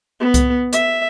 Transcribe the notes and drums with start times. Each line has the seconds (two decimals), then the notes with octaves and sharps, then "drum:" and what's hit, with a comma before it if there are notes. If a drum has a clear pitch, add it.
0.20 B3
0.34 drum: kick C2, hi-hat
0.73 E5, drum: hi-hat